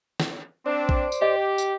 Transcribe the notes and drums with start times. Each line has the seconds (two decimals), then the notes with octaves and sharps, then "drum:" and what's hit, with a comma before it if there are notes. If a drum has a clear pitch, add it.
0.20 drum: snare
0.66 C4 D4 C5 D5
0.89 drum: kick A#1
1.12 drum: tambourine
1.22 G4 D#5
1.58 drum: tambourine